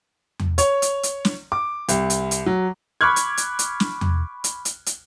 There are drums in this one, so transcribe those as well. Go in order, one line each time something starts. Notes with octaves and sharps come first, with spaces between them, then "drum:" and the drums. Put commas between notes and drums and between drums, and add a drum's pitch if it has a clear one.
drum: tom E2
C#5, drum: hi-hat
drum: hi-hat
drum: hi-hat
drum: snare
D6
C2, drum: hi-hat
drum: hi-hat
drum: hi-hat
F#3
B5 C#6 D6 F6 F#6 G#6
drum: hi-hat
drum: hi-hat
drum: hi-hat
drum: snare
drum: tom E2
drum: hi-hat
drum: hi-hat
drum: hi-hat